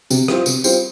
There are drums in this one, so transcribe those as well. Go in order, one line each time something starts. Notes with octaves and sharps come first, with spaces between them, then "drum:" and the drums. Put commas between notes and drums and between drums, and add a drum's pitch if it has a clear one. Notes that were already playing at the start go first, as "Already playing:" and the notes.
C3, drum: tambourine
G3 C4 F4 C5, drum: rim click
C3, drum: tambourine
G3 C4 F4 C5, drum: tambourine